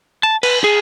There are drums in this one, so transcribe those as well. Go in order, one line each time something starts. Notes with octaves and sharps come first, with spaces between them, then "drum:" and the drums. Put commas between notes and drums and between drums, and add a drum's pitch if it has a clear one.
A5
B4, drum: cymbal
G#4